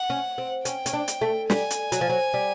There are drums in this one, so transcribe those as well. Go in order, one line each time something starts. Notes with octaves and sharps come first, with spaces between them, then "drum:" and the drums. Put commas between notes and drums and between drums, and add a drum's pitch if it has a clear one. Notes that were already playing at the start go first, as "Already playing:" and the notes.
Already playing: F#5
C#4
C4
C#4 G5, drum: hi-hat
C#4, drum: hi-hat
D4
drum: hi-hat
A3
G3 G#5, drum: snare
drum: hi-hat
F#3, drum: hi-hat
F3
F#3
G3